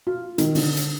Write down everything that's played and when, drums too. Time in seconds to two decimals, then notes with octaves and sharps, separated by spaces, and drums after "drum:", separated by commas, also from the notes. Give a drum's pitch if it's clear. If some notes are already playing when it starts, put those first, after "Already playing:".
0.07 F4
0.38 D#3, drum: hi-hat
0.55 D3, drum: open hi-hat
0.77 drum: hi-hat